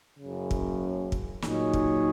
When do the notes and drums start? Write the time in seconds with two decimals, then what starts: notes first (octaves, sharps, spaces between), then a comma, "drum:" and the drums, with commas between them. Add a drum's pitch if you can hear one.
0.19 F#1 F#2 C#3
0.51 drum: kick
1.12 drum: kick
1.42 A#2 F#3 D#4 G#4 C#5, drum: snare
1.73 drum: kick